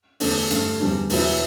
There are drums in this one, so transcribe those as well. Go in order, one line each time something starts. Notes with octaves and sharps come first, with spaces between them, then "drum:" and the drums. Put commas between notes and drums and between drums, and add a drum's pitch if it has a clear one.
E2 D3 A3 D4, drum: open hi-hat
G2 D3 A3, drum: hi-hat
E2 D3 G3 D4
E2 B2 F#3 B3 E4, drum: open hi-hat